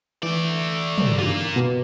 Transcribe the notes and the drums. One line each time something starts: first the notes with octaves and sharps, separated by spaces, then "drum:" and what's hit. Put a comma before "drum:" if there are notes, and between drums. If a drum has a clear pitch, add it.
E3 A3 D5
drum: tom
A#3 F4, drum: tom
B2